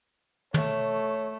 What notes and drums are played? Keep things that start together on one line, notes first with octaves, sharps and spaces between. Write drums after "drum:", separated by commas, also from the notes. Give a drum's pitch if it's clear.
A3 C#5, drum: tom